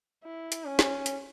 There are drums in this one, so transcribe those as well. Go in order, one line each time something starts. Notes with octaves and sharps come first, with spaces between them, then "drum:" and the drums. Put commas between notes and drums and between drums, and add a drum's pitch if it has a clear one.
E4
drum: hi-hat
C#4
drum: snare
drum: hi-hat